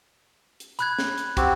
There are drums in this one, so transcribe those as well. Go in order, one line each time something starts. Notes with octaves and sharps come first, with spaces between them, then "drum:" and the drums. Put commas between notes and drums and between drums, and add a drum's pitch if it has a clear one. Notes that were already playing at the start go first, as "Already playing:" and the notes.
drum: hi-hat
B5 F#6 G#6, drum: hi-hat
drum: snare
drum: hi-hat
C4 F#4 G4, drum: kick, hi-hat